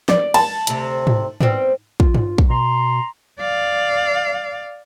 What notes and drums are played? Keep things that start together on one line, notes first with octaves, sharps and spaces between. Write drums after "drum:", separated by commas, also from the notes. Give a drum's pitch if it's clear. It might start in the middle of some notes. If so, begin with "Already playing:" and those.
D5, drum: snare
A5, drum: cymbal
D2 C3, drum: hi-hat
drum: tom G#2
G3 B3 C4, drum: tom G#2
F4, drum: kick
drum: tom G2
drum: kick
B2 A#5 C6
D5 F5